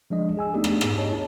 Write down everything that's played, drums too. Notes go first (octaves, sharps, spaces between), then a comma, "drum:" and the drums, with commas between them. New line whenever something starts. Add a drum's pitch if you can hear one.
F3 G#3 D4 D#5
G#4 G#5 E6
A3 B3 D4 D#4 G4 G#4
drum: rim click
G#2 B3, drum: rim click
C#5 D#5 A5
E4 A5